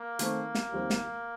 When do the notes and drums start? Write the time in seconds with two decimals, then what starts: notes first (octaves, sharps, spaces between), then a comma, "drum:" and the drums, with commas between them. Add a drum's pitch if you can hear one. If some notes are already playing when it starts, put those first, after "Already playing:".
Already playing: A#3
0.19 D#3 A3 C4, drum: hi-hat
0.55 drum: snare
0.72 D#2 D#3 G3 C4
0.90 drum: snare